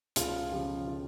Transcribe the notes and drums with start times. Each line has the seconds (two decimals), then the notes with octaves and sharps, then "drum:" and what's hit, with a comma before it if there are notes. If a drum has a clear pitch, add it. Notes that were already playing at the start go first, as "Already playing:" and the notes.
0.16 C#2 F4, drum: hi-hat
0.52 C#3 F3 G4
0.88 F4